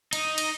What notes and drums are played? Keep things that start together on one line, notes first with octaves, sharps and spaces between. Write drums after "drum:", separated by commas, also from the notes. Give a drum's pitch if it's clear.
D#4, drum: cymbal
drum: cymbal